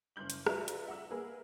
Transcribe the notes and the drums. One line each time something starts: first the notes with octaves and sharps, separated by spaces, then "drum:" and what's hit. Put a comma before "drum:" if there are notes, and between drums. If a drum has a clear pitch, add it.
F#1 C6 F6 G6 F#7
drum: hi-hat
F4 F#4 B4 D5 E5 A#5, drum: rim click
drum: hi-hat
E5 F#5 A#5 E6
A#3 G#4 A#4 B4